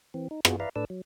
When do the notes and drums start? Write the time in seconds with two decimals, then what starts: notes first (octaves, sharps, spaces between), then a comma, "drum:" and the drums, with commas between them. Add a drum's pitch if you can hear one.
0.14 E3 C4
0.31 D#4
0.45 B3 F4 F#4 G#4, drum: rim click
0.60 B4 D5 E5 F5 A#5
0.76 A2 D4 A4 B4 D5 E6
0.90 F#3